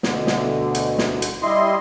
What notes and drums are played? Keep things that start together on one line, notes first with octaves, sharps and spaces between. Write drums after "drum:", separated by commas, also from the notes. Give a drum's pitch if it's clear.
D2 B2 D3, drum: snare
drum: snare
drum: hi-hat
drum: snare
drum: hi-hat
G3 E4 D#5 C6